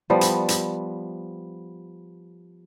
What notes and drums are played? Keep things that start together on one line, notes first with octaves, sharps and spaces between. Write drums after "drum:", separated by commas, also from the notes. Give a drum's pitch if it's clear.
F3 G3 B3
drum: hi-hat
drum: hi-hat